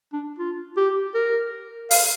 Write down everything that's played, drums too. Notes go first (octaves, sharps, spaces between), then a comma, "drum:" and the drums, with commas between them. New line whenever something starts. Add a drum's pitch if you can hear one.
D4
F4
G4
A#4
F5, drum: open hi-hat